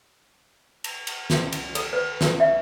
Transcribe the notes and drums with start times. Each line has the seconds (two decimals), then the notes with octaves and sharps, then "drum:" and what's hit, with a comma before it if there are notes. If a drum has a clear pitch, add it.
0.84 drum: cymbal
1.07 drum: cymbal
1.30 drum: snare
1.52 drum: cymbal
1.75 A4, drum: cymbal
1.93 B4
2.21 drum: snare
2.40 E5